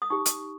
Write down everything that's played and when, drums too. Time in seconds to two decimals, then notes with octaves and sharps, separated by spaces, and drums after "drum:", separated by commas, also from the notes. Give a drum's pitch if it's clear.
0.02 D#6
0.10 D#4 G4 C#6
0.26 drum: hi-hat